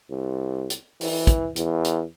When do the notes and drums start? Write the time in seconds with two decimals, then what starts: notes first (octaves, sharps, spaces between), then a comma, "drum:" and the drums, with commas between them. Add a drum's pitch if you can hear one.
0.10 C2
0.70 drum: hi-hat
1.01 E3, drum: open hi-hat
1.27 drum: kick, hi-hat
1.56 E2, drum: hi-hat
1.85 drum: hi-hat